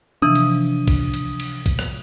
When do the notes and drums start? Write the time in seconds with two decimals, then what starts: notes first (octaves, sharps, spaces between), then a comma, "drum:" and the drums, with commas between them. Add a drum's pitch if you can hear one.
0.22 C3 E3 F3 D4 D#6
0.35 drum: cymbal
0.88 drum: kick, cymbal
1.14 drum: cymbal
1.40 drum: cymbal
1.66 drum: kick, cymbal
1.79 drum: rim click